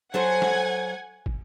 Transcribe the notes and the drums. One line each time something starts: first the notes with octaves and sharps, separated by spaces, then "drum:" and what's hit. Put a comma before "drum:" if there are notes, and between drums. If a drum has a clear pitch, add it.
F#3 A4 C5 F#5 G#5 G#6
drum: snare
drum: kick